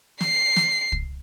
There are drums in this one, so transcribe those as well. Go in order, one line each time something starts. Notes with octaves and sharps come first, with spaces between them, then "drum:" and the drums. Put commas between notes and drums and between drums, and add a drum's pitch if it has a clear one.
C7, drum: snare
drum: snare
drum: kick